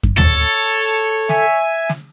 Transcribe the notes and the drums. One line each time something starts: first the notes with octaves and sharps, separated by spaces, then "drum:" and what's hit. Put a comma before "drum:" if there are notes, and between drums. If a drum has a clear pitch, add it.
drum: kick F#2
A4 C#5, drum: tom
E5 G#5, drum: snare
drum: snare